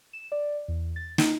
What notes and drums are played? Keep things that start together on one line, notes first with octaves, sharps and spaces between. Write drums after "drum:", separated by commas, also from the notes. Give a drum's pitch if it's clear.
E7
D5
E2
A6
D#4, drum: snare